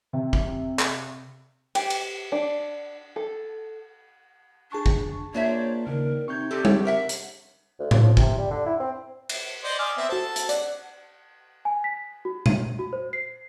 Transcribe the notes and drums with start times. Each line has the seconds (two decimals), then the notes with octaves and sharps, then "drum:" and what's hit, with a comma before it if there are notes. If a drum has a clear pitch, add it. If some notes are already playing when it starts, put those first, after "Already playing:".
0.13 C3
0.33 drum: kick
0.79 drum: clap
1.75 G4, drum: cymbal
1.90 drum: cymbal
2.32 D4
3.16 A4
4.72 D4 G#4 A5 C#6
4.86 drum: kick
5.34 A#2 D4 C5 C#5 E5
5.87 D#2 C#3 A#4
6.28 C3 D#4 C#6 G6 G#6
6.51 G3 C4 G4 A4
6.65 drum: tom G3
6.85 A#4 E5 F#5
7.09 drum: hi-hat
7.79 D2
7.91 C#3, drum: tom A2
8.03 F3
8.17 C3, drum: kick
8.38 G3
8.50 D3
8.66 E4
8.80 C4
9.29 drum: cymbal
9.64 C5 D5 D#5
9.79 D5 G#5 D6 D#6 F6
9.97 B3 C4 E5
10.09 F#4 A4 C5 A5
10.36 drum: hi-hat
10.49 D5 F#5, drum: hi-hat
11.65 G#5
11.84 B6
12.25 F#4
12.46 D#7, drum: tom A#2
12.79 F#4
12.93 C5
13.13 C7